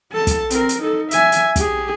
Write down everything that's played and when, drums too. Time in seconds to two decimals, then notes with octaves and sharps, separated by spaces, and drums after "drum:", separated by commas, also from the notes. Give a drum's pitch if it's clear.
0.11 A4 A5
0.27 drum: kick, hi-hat
0.50 C4 A#4, drum: hi-hat
0.69 drum: hi-hat
0.82 D#4 A4
1.11 E5 G#5, drum: hi-hat
1.32 drum: hi-hat
1.56 G4 G#4, drum: kick, hi-hat